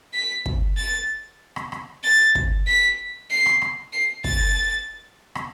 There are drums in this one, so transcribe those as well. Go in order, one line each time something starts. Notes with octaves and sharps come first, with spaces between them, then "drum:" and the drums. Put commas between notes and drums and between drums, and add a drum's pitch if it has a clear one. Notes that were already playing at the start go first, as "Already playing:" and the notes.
B6
drum: kick
A6
drum: rim click
drum: rim click
A6
drum: kick
B6
C7
drum: rim click
drum: rim click
C7
A6, drum: kick
drum: rim click